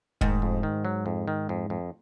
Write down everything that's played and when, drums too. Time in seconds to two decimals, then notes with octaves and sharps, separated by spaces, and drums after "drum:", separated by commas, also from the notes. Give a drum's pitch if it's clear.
0.21 G#2 D#3, drum: kick E1
0.42 F2
0.63 D#3
0.85 F#3
1.06 F2
1.28 D#3
1.49 F2
1.70 F2